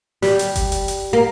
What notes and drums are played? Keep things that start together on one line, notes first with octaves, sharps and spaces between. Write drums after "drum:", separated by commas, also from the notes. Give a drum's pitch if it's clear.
G3, drum: snare
drum: hi-hat
drum: kick F#1, hi-hat
drum: hi-hat
drum: hi-hat
A#3